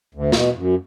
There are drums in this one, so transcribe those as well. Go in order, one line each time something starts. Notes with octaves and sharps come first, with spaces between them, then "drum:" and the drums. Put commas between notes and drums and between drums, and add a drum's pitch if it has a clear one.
D2
B2, drum: snare
F#2